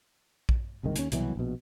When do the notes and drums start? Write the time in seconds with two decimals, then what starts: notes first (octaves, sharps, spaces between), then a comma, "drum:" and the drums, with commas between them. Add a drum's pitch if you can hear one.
0.49 drum: kick A#1
0.83 F#1 C2 G#2 D#3
0.96 D#2 C#4, drum: hi-hat
1.12 C2 B2 E3 F#3, drum: hi-hat
1.36 A#1 B2